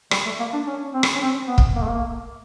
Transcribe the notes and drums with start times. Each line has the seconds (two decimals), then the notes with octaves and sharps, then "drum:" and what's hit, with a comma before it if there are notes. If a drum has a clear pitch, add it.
0.11 G3, drum: rim click
0.26 A3
0.39 A#3
0.53 D4
0.67 C#4
0.94 C4
1.03 drum: rim click
1.15 C#4
1.21 C4
1.48 B3
1.58 drum: kick
1.76 A#3
1.83 A3
1.90 A#3